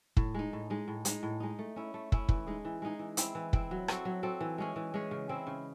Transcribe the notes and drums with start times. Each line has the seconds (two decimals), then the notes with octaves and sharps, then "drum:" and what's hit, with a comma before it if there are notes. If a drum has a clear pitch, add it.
0.17 A2, drum: kick
0.34 G#3 D#4
0.53 A2
0.70 G#3 D#4
0.88 A2
1.05 G#3 D#4, drum: hi-hat
1.23 A2
1.40 G#3 D#4
1.59 A3
1.76 C#4 E4
1.94 A3
2.12 C#4 E4, drum: kick
2.29 E3, drum: kick
2.47 G#3 D#4 G#4
2.65 E3
2.82 G#3 D#4 G#4
2.99 E3
3.17 C4 E4, drum: hi-hat
3.35 E3
3.53 C4 E4, drum: kick
3.71 F#3
3.88 C4 F#4 A4, drum: rim click
4.05 F#3
4.23 C4 F#4 A4
4.41 E3
4.58 G#3 C#4 G#4
4.76 E3
4.94 G#3 C#4 G#4
5.11 C#3
5.29 G#3 C4 E4
5.47 C#3